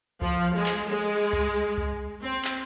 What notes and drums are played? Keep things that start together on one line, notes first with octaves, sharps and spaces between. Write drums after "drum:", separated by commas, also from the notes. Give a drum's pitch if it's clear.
F3, drum: kick C2
G#3
drum: clap
G#3
drum: kick C2
drum: kick C2
C4
drum: clap